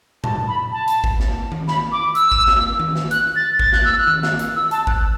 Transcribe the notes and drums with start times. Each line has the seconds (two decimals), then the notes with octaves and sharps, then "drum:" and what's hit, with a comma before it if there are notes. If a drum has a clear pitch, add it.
0.24 A5, drum: tom A2
0.48 B5
0.72 A5
0.88 drum: hi-hat
1.04 drum: kick G#1
1.20 drum: snare
1.52 drum: tom D#3
1.68 B5, drum: snare
1.92 D6
2.15 E6, drum: hi-hat
2.32 drum: kick G#1
2.48 drum: snare
2.80 drum: tom D#3
2.96 drum: snare
3.11 F#6, drum: hi-hat
3.36 A6
3.59 A6, drum: kick G#1
3.73 F#6, drum: snare
3.85 E6
3.98 F#6
4.07 drum: tom D#3
4.23 drum: snare
4.39 drum: hi-hat
4.56 E6
4.71 A5, drum: hi-hat
4.87 F#6, drum: kick G#1